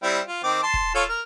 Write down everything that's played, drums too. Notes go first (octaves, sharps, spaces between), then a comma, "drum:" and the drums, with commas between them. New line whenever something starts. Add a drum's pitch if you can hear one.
G3 C4 E4
F4
D#3 C4 D6
A5 C6
drum: kick
F4 A4 C#5
A#4